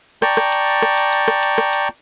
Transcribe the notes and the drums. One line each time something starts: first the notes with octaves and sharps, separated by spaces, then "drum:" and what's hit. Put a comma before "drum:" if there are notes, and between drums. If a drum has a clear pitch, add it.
D5 G5 A5 A#5 C#6, drum: rim click
drum: rim click
drum: hi-hat
drum: open hi-hat
drum: rim click
drum: hi-hat
drum: hi-hat
drum: rim click
drum: hi-hat
drum: rim click
drum: hi-hat